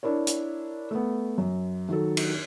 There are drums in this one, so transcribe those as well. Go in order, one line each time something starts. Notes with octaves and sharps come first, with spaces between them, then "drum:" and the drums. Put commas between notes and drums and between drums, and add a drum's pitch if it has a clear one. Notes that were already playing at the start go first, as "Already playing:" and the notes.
D4 E4 A#4 C#5
drum: hi-hat
A3 B3
F#2
D#3 F#3 A4
drum: cymbal